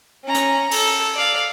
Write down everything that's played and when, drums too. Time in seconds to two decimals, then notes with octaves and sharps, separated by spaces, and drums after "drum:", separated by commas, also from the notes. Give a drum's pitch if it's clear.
0.24 C#4 A#5
0.35 drum: hi-hat
0.71 A4, drum: open hi-hat
1.14 D5 F5